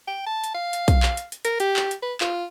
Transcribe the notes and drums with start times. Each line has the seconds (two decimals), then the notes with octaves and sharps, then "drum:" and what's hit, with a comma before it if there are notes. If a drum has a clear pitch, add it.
0.07 G5
0.26 A5
0.44 drum: hi-hat
0.54 F5
0.73 drum: hi-hat
0.88 drum: kick, hi-hat
1.03 drum: clap
1.17 drum: hi-hat
1.32 drum: hi-hat
1.45 A#4, drum: hi-hat
1.60 G4, drum: hi-hat
1.76 drum: clap
1.91 drum: hi-hat
2.02 B4
2.21 F4, drum: clap